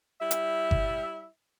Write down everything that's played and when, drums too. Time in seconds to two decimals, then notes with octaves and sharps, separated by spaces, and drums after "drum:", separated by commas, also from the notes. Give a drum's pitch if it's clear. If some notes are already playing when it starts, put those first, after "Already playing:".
0.20 G3 E4 E5
0.31 drum: hi-hat
0.71 drum: kick G1